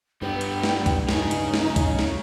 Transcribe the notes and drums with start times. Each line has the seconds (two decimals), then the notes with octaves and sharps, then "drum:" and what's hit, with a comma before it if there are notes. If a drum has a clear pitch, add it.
0.22 G2 G3 B3 G5
0.41 drum: hi-hat
0.63 drum: snare
0.86 drum: kick, hi-hat
1.09 C#4 D#4 G#4, drum: snare
1.31 drum: hi-hat
1.54 drum: snare
1.76 drum: kick, hi-hat
1.99 drum: snare